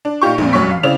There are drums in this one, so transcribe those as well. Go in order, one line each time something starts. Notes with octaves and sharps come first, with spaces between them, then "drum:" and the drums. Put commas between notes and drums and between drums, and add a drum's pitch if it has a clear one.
D4
A#2 D#4 F4 G4 C#6
A#1 F2 A#2, drum: tom
F1 F#2 F#3 C#4 C#6 B6
F5
C#3 C4 E4 D5 F7